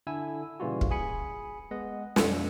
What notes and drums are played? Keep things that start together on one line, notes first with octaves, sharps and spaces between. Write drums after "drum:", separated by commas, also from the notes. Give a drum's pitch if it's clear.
D3 E4 A4 G#5 E6
A#2 C#3 E3 G3 F4 F#4
drum: kick
G#4 G#5 B5 C#7
G#3 B3 D#5 F#5
B1 F2 C#7, drum: snare